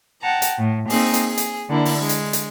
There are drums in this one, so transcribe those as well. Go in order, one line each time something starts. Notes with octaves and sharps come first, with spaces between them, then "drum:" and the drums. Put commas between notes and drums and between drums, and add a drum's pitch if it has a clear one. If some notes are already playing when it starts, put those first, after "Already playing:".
F#5 G5 A5 A#5
drum: hi-hat
A2
A#3 C4 D#4 G#4, drum: open hi-hat
drum: hi-hat
G#4
drum: hi-hat
D3 A#3 D4 E4
drum: open hi-hat
G#3
drum: hi-hat
drum: hi-hat